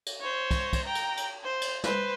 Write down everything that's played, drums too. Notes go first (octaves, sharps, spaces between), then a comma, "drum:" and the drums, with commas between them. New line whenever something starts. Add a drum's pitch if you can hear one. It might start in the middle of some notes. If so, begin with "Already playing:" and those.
drum: cymbal
C5 C#5
drum: kick, cymbal
drum: kick, cymbal
G5 A#5
drum: cymbal
drum: cymbal
C5
drum: cymbal
B4 C5, drum: snare